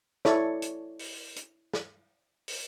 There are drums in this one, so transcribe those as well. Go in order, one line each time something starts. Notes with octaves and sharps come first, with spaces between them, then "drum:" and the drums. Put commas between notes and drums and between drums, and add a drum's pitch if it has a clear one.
E4 A4 C#5 D5, drum: snare
drum: hi-hat
drum: open hi-hat
drum: hi-hat
drum: snare
drum: open hi-hat